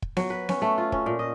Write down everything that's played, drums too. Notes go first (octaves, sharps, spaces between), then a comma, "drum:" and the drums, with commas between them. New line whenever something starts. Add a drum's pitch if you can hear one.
drum: kick
F#3, drum: snare B3
B4
C#4, drum: snare B3
A3
F4
C#4, drum: kick
A#2
D#5